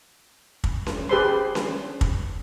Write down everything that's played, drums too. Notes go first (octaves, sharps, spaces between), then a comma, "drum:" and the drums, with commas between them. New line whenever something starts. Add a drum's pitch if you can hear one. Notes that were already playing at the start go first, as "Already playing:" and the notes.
drum: kick
drum: snare C#4
G4 G#4 B4 C5 B5 C6
drum: snare C#4
drum: kick